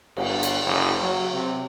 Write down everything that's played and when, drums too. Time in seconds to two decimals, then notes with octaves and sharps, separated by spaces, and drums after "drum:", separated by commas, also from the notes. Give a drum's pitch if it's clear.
0.17 G1, drum: cymbal
0.43 drum: hi-hat
0.65 F#1
1.02 F#3
1.33 C3